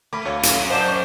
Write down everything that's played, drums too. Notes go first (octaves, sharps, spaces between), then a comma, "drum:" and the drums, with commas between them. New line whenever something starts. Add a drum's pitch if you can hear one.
A3 B5 D6
D2 C#5 F5
F#2 C#4, drum: hi-hat
C5 D5 D#5 F#5 A5 D6
C#6